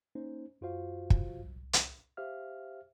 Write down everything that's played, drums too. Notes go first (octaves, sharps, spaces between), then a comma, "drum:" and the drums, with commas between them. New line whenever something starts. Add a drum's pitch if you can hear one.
A#3 C#4 D#4 C5
F#2 F4 F#4 C5 F5
drum: kick
C2
drum: hi-hat
G4 C5 E5 F5 F6